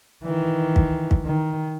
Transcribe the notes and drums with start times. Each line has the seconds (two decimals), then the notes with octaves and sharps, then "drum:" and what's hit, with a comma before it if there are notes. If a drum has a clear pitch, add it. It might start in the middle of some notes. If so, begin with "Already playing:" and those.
0.23 D#3 E3
0.76 drum: kick
1.11 drum: kick
1.25 D#3